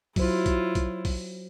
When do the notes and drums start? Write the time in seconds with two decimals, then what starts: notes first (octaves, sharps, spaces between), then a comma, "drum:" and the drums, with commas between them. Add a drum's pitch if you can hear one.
0.16 F#3 E4 F4 C5, drum: kick B1, open hi-hat
0.46 drum: kick B1, hi-hat
0.75 drum: kick B1, hi-hat
1.05 drum: kick B1, open hi-hat